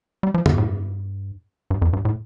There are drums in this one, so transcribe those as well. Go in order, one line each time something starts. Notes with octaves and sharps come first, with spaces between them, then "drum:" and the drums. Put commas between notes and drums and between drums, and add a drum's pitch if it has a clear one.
G3
F3
D3, drum: tom
G2
A2
G2
G2
F2
G2
A2